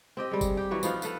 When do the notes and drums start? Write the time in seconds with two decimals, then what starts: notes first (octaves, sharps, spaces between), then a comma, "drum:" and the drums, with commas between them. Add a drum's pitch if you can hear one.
0.17 C4 G4 D#5
0.31 G3 G#3
0.41 drum: kick G1, tambourine
0.57 G4
0.71 E3 F#3 F#4
0.83 F3 B3 D#4 F5, drum: tambourine
1.02 A4 B4 F5, drum: tambourine